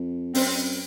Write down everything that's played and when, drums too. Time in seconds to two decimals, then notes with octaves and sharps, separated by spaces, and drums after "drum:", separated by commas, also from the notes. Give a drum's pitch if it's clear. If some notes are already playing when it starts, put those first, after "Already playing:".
Already playing: F2
0.35 F#2 C4, drum: open hi-hat